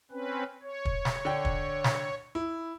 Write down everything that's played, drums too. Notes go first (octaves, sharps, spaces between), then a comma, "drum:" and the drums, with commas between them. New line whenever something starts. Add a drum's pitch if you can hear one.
C4 C#4 B4
C#5
drum: kick
drum: snare
D3 D4 G5
drum: kick
drum: snare
E4